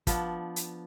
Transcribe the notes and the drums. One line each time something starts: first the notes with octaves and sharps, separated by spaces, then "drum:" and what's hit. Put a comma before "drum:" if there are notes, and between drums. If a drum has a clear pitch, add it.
F3 B3 D4, drum: kick, hi-hat
drum: hi-hat